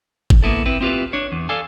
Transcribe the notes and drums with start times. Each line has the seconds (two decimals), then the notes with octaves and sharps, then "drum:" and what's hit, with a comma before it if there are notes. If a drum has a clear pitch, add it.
0.30 drum: kick G1
0.43 A#3 B3 E4 A4
0.66 C4 E4 B4
0.81 C4 E4 F4 G4 B4
1.13 D4 C#5
1.32 E2
1.49 A4 D5 F5 G#5